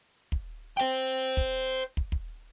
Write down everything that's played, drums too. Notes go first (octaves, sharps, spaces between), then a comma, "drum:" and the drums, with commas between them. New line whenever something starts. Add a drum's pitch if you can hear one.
drum: kick
C5 G5
drum: kick
drum: kick
drum: kick